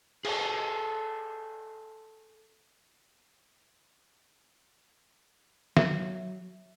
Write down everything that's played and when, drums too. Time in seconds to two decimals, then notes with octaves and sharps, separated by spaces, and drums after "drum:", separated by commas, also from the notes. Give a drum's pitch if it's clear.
0.25 G#4 A4, drum: cymbal
5.77 F#3 E5, drum: snare